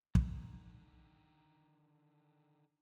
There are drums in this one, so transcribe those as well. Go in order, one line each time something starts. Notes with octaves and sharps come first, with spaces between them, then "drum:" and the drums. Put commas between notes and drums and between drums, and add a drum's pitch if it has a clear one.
D3 D#3, drum: kick